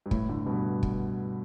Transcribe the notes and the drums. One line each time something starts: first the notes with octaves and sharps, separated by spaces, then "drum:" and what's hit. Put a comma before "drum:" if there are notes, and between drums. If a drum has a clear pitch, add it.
G2
A2, drum: kick
A2 D3
G2 B2
drum: kick